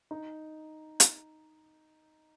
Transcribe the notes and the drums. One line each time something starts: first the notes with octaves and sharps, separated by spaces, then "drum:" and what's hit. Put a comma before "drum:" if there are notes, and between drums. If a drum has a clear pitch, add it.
D#4
drum: hi-hat